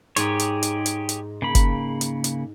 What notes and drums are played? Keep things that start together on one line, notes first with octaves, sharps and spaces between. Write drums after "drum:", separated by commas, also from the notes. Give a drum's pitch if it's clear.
G#2 G4 G#4 C#5, drum: hi-hat
drum: hi-hat
drum: hi-hat
drum: hi-hat
drum: hi-hat
C#3 A#3 B5
drum: kick F#1, hi-hat
drum: hi-hat
drum: hi-hat